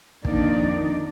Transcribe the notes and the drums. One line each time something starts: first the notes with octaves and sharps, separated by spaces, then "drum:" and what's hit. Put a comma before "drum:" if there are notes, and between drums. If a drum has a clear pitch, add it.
F2 D#3 A#3 D4 D#4 D5, drum: kick